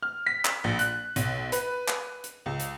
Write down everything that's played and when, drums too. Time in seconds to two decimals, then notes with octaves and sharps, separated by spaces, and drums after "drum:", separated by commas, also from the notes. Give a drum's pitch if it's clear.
0.03 F6
0.26 B6
0.45 drum: clap
0.64 A#1
0.79 F#6, drum: hi-hat
1.16 B1, drum: hi-hat
1.52 B4, drum: hi-hat
1.88 drum: clap
2.24 drum: hi-hat
2.46 C#2
2.60 drum: hi-hat